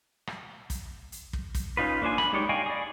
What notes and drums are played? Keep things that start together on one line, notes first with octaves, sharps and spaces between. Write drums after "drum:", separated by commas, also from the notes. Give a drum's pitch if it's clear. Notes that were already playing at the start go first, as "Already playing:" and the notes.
drum: rim click
drum: kick, hi-hat
drum: hi-hat
drum: kick
drum: kick, hi-hat
C#4 D#4 F4 B4
A#3 D4 C5 G#5
B5, drum: rim click
G#3 D#4 G4 C#5 D5
D#5 F5 G5 G#5 C#6
G#4 D5